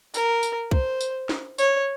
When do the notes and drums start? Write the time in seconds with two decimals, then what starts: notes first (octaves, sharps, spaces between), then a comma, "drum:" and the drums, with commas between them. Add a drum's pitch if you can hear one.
0.14 A#4, drum: tambourine
0.43 drum: tambourine
0.71 C5, drum: kick
1.01 drum: tambourine
1.29 drum: snare
1.58 C#5, drum: tambourine